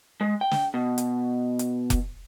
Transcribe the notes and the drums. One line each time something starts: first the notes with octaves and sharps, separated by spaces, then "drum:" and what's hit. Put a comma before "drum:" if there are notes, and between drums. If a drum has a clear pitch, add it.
G#3
G5
drum: snare
B2
drum: hi-hat
drum: hi-hat
drum: kick F1, hi-hat